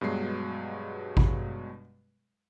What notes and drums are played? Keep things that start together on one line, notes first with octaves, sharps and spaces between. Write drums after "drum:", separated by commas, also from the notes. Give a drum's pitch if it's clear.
G2 B2 F#3 G#3 C7
drum: kick G#1